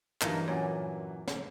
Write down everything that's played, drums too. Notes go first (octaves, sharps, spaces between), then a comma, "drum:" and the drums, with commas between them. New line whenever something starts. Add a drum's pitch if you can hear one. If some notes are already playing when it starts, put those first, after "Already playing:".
G2 E3 F#3 A#3 D#4 A5, drum: clap
F#2 A#2 C#5 G#5
drum: snare